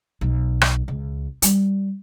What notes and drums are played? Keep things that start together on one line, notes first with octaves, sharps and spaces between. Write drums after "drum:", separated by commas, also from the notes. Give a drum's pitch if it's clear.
B1
drum: rim click
C#2
G3, drum: hi-hat